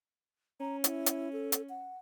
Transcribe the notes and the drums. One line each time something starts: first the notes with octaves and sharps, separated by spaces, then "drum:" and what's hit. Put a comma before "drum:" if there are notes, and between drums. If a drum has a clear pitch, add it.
C#4 A#5
E4, drum: hi-hat
drum: hi-hat
A4
drum: hi-hat
F#5